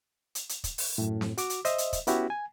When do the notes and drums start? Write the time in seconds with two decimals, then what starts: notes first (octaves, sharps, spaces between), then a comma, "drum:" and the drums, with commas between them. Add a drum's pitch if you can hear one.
0.35 drum: hi-hat
0.49 drum: hi-hat
0.64 drum: kick, hi-hat
0.78 drum: open hi-hat
0.98 F#2 A2
1.21 drum: snare C4
1.38 F#4 D6, drum: hi-hat
1.50 drum: hi-hat
1.65 C5 D#5 E5, drum: hi-hat
1.78 drum: hi-hat
1.93 drum: kick, hi-hat
2.07 B3 C#4 E4 F#4 G4, drum: hi-hat
2.30 G#5